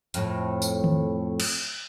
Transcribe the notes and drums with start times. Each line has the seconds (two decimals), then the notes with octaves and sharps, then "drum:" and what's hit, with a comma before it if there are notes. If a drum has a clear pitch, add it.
0.14 F2 A2, drum: hi-hat
0.62 drum: tambourine
0.84 drum: tom D#3
1.40 drum: cymbal